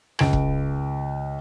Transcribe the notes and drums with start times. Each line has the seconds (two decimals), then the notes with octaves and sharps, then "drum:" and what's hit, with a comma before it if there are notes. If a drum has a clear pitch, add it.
0.19 C#2 D7, drum: rim click
0.33 drum: kick E1